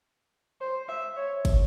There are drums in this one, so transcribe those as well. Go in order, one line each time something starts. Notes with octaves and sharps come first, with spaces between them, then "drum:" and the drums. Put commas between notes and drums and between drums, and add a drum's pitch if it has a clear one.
C5
E5
C#5
drum: kick, cymbal